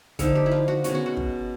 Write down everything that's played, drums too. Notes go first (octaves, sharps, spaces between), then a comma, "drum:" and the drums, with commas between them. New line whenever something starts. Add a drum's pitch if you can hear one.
D3 F3 A#3 D#4 A4, drum: kick, hi-hat
G4
E4
F4
F#4
B2 G#3 C#4 F#4, drum: hi-hat
F#4
F#4
drum: kick